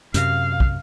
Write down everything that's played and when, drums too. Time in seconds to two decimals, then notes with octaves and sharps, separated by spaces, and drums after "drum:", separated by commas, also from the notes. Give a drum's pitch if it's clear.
0.14 F#2 C3 F5, drum: hi-hat
0.60 drum: kick